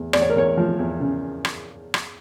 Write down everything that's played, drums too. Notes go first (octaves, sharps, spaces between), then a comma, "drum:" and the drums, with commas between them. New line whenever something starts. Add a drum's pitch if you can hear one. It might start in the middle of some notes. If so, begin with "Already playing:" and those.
Already playing: E2
E2 D5, drum: rim click
C#5
A#4
E2 C#5
F3
E2
C#3
drum: rim click
drum: rim click